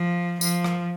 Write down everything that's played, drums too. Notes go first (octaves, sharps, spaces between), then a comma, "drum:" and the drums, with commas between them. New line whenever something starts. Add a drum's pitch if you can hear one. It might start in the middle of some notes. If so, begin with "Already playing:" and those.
Already playing: F3
F3, drum: tambourine
drum: rim click